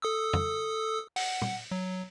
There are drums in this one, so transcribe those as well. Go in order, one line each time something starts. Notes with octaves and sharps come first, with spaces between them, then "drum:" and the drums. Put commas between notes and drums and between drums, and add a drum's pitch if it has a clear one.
A4 D#6 E6
drum: tom F2
F#5, drum: open hi-hat
drum: tom
F#3